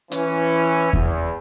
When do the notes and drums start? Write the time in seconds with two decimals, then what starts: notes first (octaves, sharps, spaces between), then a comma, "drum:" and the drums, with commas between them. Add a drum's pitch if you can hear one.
0.12 E3 C#4, drum: hi-hat
0.93 E2, drum: kick E2